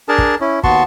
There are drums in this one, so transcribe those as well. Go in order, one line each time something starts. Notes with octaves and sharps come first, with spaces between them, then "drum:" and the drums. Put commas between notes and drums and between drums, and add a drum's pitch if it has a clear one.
D4 G#4 A#4 A5
drum: kick
C#4 E4
D#2 B3 F#4 A5 C6 C#6, drum: kick